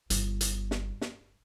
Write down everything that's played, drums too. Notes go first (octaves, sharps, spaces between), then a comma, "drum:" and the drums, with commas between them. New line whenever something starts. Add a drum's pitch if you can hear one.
G1, drum: hi-hat
drum: hi-hat
drum: snare
drum: snare